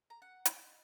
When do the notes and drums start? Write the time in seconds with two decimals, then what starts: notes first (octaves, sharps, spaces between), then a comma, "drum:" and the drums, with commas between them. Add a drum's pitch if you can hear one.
0.10 A#5
0.22 F#5
0.45 D#5, drum: hi-hat